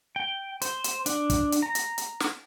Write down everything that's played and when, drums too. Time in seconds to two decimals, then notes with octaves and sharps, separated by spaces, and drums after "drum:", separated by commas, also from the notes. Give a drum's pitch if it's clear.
0.16 G5
0.62 C5, drum: hi-hat
0.84 drum: hi-hat
1.06 D4, drum: hi-hat
1.30 drum: kick, hi-hat
1.52 drum: hi-hat
1.62 A#5
1.75 drum: hi-hat
1.98 drum: hi-hat
2.20 drum: snare